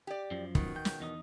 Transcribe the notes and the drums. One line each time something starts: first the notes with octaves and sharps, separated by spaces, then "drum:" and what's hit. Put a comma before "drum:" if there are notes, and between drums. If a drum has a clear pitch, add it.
G4 D5
F#2 F3
B2 D#3, drum: kick
G5
drum: snare
E2 D#4 D#5